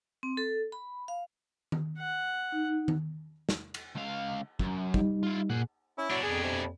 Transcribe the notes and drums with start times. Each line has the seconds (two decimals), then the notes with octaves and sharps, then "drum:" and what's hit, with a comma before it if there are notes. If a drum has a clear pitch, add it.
0.23 C4
0.37 A4
0.72 B5
1.08 F5
1.72 drum: tom D#3
1.98 F#5
2.52 D#4
2.88 drum: tom D#3
3.49 drum: snare
3.74 drum: cymbal
3.96 C#2 F5
4.59 F#2, drum: kick
4.94 G3 D#4, drum: kick
5.23 E4 F4
5.50 A#2 G#4 F#5
5.98 C#4 E4
6.10 B2 F#3 D4
6.23 F2 G#4 G#5
6.44 C3